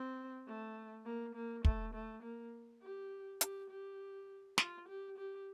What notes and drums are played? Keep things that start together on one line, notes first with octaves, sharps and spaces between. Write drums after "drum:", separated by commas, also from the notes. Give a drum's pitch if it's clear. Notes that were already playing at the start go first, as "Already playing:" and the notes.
Already playing: C4
A3
A#3
A#3
A3, drum: kick
A3
A#3
G4
G4, drum: hi-hat
G4
F4, drum: snare
G4
G4